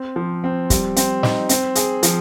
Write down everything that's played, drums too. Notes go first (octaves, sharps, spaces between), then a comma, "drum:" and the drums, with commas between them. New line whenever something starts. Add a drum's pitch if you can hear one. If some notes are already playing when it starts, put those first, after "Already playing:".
Already playing: C4
F3
C4
G3, drum: kick, hi-hat
C4, drum: hi-hat
D#4, drum: snare
C4, drum: hi-hat
G#4, drum: hi-hat
F3, drum: hi-hat